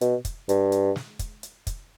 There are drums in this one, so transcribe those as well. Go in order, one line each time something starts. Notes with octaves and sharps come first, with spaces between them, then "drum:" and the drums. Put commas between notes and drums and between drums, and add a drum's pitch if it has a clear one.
B2, drum: hi-hat
drum: kick, hi-hat
G2, drum: hi-hat
drum: hi-hat
drum: snare
drum: kick, hi-hat
drum: hi-hat
drum: kick, hi-hat